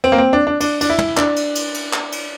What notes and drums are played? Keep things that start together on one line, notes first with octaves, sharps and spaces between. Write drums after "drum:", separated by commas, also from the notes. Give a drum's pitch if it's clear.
C4
A#3
C4
D4
D4
D4, drum: cymbal
D4, drum: cymbal
E4
drum: tom
D4, drum: clap
drum: cymbal
drum: cymbal
drum: cymbal
drum: clap
drum: cymbal